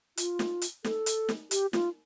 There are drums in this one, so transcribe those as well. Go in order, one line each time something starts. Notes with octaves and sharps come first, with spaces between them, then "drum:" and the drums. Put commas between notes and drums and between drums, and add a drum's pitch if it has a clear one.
F4, drum: hi-hat
drum: snare
drum: hi-hat
A4, drum: snare
drum: hi-hat
drum: snare
G4, drum: hi-hat
F4, drum: snare